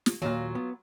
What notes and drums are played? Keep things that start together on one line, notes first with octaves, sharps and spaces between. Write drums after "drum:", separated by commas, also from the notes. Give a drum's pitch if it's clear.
drum: snare
D#2 A#2 F#3 F4
B3